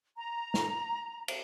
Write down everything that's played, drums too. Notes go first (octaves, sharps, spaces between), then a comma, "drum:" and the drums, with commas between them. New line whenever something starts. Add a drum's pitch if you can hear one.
A#5
drum: snare
drum: cymbal